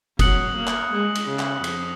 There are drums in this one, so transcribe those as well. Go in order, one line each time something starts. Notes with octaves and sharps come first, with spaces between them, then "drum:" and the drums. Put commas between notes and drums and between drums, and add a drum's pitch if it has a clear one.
F#3 D#6 F#6 C#7 F#7, drum: kick F#1, cymbal
A#3
drum: clap
G#3
drum: cymbal
C#3
drum: clap
F2, drum: cymbal